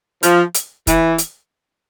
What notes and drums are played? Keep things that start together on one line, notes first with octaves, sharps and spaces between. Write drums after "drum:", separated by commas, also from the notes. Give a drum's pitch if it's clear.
F3, drum: hi-hat
drum: hi-hat
E3, drum: kick, hi-hat
drum: hi-hat